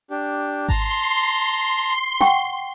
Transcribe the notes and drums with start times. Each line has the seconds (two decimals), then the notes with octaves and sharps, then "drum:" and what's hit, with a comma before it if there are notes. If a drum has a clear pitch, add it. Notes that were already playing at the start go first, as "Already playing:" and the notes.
0.10 D4 G4
0.69 A5 A#5 C6, drum: kick G#1
2.21 F#5 G5 C#6, drum: snare